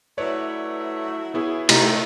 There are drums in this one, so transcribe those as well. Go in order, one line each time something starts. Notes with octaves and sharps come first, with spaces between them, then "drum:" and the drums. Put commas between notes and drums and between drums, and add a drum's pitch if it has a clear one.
F#3 A3 E4 B4 C#5 D5
B2 B3 E4 G#4 C#5 E5
A2 C3 A3 D#4, drum: cymbal